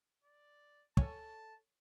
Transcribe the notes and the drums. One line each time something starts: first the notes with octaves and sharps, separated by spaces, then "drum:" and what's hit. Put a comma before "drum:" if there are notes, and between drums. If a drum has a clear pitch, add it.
D5
A4 C#5 G#5 A5, drum: kick